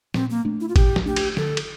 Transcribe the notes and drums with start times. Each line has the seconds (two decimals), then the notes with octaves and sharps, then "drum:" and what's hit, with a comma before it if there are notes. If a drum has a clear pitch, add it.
0.14 A#2 C4, drum: snare
0.30 A#3
0.45 A3 D4
0.60 E4
0.68 F4
0.76 A#2 G4, drum: kick G#1, cymbal
0.96 drum: snare
1.06 A3 D4 G4
1.16 drum: cymbal
1.37 D3 A4, drum: snare
1.57 drum: cymbal